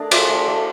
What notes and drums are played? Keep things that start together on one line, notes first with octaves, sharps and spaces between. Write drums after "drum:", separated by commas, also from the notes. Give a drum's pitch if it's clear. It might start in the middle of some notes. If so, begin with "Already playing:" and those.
Already playing: A3 D4 G#4 A#4
F4 D5 E5, drum: cymbal
A3
A3